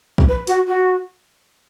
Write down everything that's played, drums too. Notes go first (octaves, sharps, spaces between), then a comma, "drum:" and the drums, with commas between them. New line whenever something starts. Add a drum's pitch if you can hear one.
drum: kick
B4
F#4, drum: hi-hat
F#4